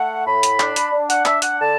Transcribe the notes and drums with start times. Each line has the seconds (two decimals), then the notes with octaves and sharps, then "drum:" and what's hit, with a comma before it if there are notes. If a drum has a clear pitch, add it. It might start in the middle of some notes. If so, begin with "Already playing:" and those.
Already playing: A3 F#5
0.26 A2 B5
0.43 drum: hi-hat
0.60 D4, drum: clap
0.76 drum: hi-hat
0.92 D4
1.10 F#5, drum: hi-hat
1.25 D4 E5, drum: clap
1.42 F#5, drum: hi-hat
1.59 D3 A5